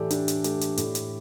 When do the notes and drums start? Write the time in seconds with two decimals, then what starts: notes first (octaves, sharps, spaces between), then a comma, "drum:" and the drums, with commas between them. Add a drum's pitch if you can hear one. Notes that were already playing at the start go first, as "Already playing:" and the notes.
Already playing: A2 E3 G4 A4 D5
0.11 D4 G4, drum: hi-hat
0.28 drum: hi-hat
0.44 A3 G4, drum: hi-hat
0.61 drum: hi-hat
0.77 A2, drum: hi-hat
0.95 drum: hi-hat